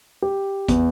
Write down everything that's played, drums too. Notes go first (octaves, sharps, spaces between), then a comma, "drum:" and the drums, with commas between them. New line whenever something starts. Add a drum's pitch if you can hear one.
G4
E2, drum: kick, hi-hat